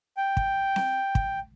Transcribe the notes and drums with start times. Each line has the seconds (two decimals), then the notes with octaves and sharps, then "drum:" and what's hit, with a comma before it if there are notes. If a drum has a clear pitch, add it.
0.17 G5
0.37 drum: kick
0.76 drum: snare C4
1.15 drum: kick